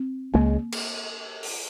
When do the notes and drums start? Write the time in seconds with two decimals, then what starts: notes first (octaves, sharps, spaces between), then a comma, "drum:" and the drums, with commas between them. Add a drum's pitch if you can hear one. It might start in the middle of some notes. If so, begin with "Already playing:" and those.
Already playing: C4
0.34 C#2 C#3 G#3 A#3
0.72 drum: cymbal
1.43 drum: open hi-hat